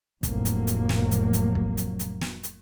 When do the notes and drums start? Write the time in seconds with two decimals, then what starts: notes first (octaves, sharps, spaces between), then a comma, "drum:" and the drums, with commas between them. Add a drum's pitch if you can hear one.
0.23 F1 A2 F#3 A#3, drum: kick, hi-hat
0.45 drum: hi-hat
0.67 drum: hi-hat
0.89 drum: snare
1.11 drum: hi-hat
1.33 drum: hi-hat
1.55 drum: kick
1.77 drum: hi-hat
1.99 drum: hi-hat
2.21 drum: snare
2.43 drum: hi-hat